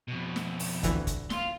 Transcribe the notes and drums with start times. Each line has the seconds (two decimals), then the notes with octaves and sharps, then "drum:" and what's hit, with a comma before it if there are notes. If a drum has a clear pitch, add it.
0.08 F2 B2
0.36 drum: snare
0.59 drum: open hi-hat
0.83 A1 D2 E3, drum: kick, hi-hat
1.07 drum: kick, hi-hat
1.30 F5 C6, drum: snare